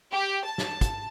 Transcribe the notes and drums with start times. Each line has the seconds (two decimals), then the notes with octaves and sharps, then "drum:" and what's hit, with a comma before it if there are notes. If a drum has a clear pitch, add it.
0.12 G4
0.44 A5
0.58 drum: snare
0.81 drum: kick, hi-hat